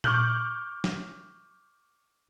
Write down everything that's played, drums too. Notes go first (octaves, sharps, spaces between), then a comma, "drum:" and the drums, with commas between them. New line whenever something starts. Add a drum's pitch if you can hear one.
C#6 D6 F6 G6 F#7, drum: tom A#2
drum: snare